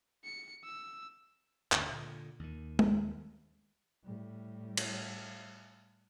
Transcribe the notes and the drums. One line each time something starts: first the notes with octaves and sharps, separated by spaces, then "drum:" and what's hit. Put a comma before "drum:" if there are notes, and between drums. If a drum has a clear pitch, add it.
C#7
E6
D2 G2 C#3, drum: clap
A#2 D3
D#2 D#3
drum: tom G#3
A2 G3
drum: cymbal